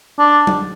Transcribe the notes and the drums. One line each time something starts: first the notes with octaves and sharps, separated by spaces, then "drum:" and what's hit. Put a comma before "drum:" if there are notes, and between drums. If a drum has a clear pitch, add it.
D4
drum: tom F#3